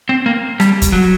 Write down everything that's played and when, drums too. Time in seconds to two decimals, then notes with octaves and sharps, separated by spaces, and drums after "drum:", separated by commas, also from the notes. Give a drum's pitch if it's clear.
0.09 C4
0.26 A#3
0.60 G3, drum: rim click
0.82 drum: kick, hi-hat
0.92 F#3